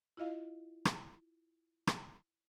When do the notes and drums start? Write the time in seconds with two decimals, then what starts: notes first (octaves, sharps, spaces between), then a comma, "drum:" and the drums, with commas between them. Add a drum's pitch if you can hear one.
0.17 E4 F4 D#5 F5
0.85 drum: rim click
1.87 drum: rim click